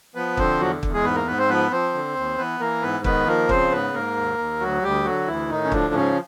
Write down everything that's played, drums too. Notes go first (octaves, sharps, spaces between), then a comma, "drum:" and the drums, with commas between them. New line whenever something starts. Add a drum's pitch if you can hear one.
F3 B3 B4
D3 C4 C5, drum: kick
E2 F#3 F#4
E2, drum: kick
G#3 G#4
G#2 B3 B4
A#3 A#4
G#2 B3 B4
C4 C5
F3 B3 B4
F3 C4 C5
D3
D#2
E3 B3 B4
E3 A#3 A#4
G#2 B3 B4
D#3 B3 B4, drum: kick
F3 A#3 A#4
C#3 C4 C5, drum: kick
G#2 B3 B4
G#2 A#3 A#4
D#2
D#2
D2 F#3 F#4
D2 G3 G4
D3 F#3 F#4
D2 E3 E4
A2 D#3 D#4
C#4
D3 F3 D4, drum: kick
G#2 C#3 C#4